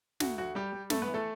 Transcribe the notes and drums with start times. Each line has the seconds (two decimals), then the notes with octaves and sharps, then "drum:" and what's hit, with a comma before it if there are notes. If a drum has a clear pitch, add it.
0.20 D2 F#4, drum: snare
0.38 D2 F#4
0.55 G3 G4
0.73 G3
0.90 G2 A3 A4, drum: snare
1.02 B3 B4
1.07 E3
1.14 A3 A4